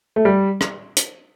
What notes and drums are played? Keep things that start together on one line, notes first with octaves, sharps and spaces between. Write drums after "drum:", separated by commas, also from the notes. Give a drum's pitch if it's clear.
A3
G3
drum: rim click
drum: hi-hat